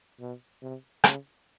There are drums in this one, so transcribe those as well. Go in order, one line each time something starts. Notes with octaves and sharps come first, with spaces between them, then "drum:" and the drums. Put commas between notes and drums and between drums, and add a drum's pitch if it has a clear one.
B2
C3
C#3, drum: rim click